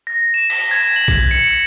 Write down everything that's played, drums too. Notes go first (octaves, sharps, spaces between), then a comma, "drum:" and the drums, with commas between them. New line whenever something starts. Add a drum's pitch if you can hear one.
A#6
E7
B6, drum: cymbal
G#6
F#7
drum: kick B1
C#7
C#7